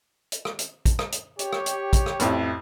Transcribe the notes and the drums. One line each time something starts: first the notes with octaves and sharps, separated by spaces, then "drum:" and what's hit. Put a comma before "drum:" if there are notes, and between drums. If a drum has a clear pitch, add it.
drum: hi-hat
drum: rim click
drum: hi-hat
drum: kick, hi-hat
drum: rim click
drum: hi-hat
G4 C#5, drum: hi-hat
drum: rim click
drum: hi-hat
drum: kick, hi-hat
drum: rim click
A1 F2 E4, drum: hi-hat